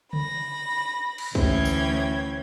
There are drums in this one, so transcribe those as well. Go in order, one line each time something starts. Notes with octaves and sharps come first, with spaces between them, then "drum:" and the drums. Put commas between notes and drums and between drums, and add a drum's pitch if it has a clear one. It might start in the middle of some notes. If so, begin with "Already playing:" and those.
B5 A#6, drum: tom C#3
drum: cymbal
D2 E3 C#4 G5 G#6, drum: kick
drum: tambourine